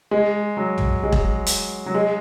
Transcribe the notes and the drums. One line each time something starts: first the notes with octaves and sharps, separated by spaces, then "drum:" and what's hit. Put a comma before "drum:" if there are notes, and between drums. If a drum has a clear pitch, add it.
G#3
F#3
drum: tom
G#3
drum: kick E1
drum: hi-hat
F#3
G#3